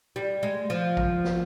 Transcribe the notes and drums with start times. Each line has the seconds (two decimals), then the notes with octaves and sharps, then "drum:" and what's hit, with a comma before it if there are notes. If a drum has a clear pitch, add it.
0.16 G3
0.43 G#3
0.70 F3
0.97 drum: kick A1
1.24 drum: snare